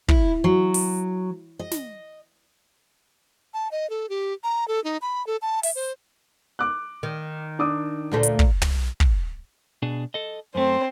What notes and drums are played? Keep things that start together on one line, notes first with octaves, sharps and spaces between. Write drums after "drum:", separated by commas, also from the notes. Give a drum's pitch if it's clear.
E4, drum: kick
F#3
drum: open hi-hat
D#5
drum: snare
A5
D#5
A4
G4
A#5
A4
D#4
B5
A4
A5
E5, drum: open hi-hat
C5
D6 F#6
D#3
D4 D6 D#6
D2 A#2 A3
drum: hi-hat
drum: kick
drum: tom
drum: kick
B2 D4 G#4
A4 D#5
F#2 A3 C4 C5